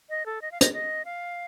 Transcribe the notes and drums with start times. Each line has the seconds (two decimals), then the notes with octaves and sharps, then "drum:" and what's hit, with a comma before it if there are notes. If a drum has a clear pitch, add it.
0.10 D#5
0.26 A4
0.42 D#5
0.52 F5
0.61 D#5, drum: hi-hat
0.74 D#5
1.05 F5